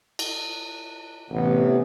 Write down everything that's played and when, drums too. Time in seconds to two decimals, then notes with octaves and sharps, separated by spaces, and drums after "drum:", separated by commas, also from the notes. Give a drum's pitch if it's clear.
0.19 drum: cymbal
1.30 A1 C3 E3 B3